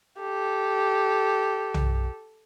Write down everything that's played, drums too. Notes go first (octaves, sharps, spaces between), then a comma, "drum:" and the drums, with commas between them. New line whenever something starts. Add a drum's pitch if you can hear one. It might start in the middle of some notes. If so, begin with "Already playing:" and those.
G4 A4
drum: tom